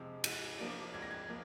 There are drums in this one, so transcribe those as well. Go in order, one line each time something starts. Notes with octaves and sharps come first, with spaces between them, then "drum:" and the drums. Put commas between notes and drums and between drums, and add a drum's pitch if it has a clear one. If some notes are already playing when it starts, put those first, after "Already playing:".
Already playing: F2 C3 F3 G#3
G#2, drum: cymbal
F3 A#3 D4
G#2 G#6
A#6
G#6
F3 A#3